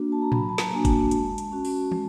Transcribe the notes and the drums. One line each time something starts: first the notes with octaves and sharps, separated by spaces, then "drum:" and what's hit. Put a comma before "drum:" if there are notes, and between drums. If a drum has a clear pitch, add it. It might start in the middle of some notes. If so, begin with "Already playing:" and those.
Already playing: A#3 D4 F#4
A5
A#5
F#3 B5, drum: tom A2
A5
A#5, drum: snare
A#3 D4 F#4 G#5
A5, drum: kick F#1, hi-hat
G#3, drum: hi-hat
drum: hi-hat
C#4 F#4
drum: open hi-hat
G#3, drum: tom